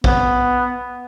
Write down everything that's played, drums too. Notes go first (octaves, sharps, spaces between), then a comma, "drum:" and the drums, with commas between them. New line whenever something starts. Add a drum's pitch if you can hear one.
B3, drum: kick